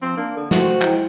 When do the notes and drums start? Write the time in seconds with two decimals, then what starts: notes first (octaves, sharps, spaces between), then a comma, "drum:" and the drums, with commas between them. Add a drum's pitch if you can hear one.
0.02 F3 C4
0.17 A#3 D4
0.37 D3 A4 A#4
0.51 F3 G3 A3 C4 F#4, drum: snare
0.82 G#3 E4 G5, drum: clap